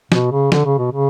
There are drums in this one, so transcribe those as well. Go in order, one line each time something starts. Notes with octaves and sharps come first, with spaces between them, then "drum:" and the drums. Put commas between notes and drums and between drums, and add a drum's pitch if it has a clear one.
B2, drum: snare
C#3
D3, drum: snare
C#3
B2
C#3